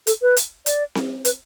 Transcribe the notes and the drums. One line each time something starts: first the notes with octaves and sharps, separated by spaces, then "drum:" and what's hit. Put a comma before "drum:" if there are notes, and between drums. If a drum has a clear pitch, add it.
A4, drum: hi-hat
B4
drum: hi-hat
D5, drum: hi-hat
drum: snare C4
B4, drum: hi-hat